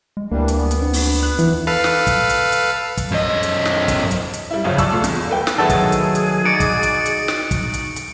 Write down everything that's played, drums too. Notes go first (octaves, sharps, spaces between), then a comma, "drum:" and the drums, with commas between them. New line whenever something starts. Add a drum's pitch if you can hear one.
G#3
D2 E3 G3 A#3 D4
drum: hi-hat
B3
drum: hi-hat
C4 D4
drum: open hi-hat
F#6
E2 E3, drum: hi-hat
A4 B4 F5
drum: snare
drum: kick, hi-hat
drum: hi-hat
drum: hi-hat
drum: kick, hi-hat
F#2 D#5
drum: hi-hat
drum: snare
drum: kick, hi-hat
drum: hi-hat
drum: hi-hat
G3 E4
G1 F#2 C#3 F3
D5 A5 C#6 E6, drum: kick, hi-hat
A3 F4
E2, drum: hi-hat
A4 B4 G5
drum: snare
D#3 F#3 A3 B3 G#4 A4
drum: kick, hi-hat
drum: hi-hat
drum: hi-hat
D#4 F#4 D5 C#7 D7
drum: kick, hi-hat
drum: hi-hat
drum: hi-hat
drum: snare
drum: kick, hi-hat
drum: hi-hat
drum: hi-hat